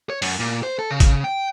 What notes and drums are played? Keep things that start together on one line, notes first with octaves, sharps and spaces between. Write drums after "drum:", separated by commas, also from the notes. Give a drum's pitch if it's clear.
C#5
F#2, drum: open hi-hat
A#2
C5
A4
C#3
drum: kick, hi-hat
G5